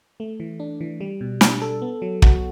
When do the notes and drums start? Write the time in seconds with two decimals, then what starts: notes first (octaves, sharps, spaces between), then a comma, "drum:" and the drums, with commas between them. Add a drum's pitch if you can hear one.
0.20 A3
0.40 E3
0.60 D4
0.81 E3
1.01 G3
1.21 B2
1.41 D4, drum: snare
1.62 A4
1.82 B3
2.02 F#3
2.22 F#4, drum: kick